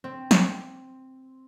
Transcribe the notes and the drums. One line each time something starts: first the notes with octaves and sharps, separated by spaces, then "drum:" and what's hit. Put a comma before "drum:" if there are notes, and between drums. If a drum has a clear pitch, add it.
C4
drum: snare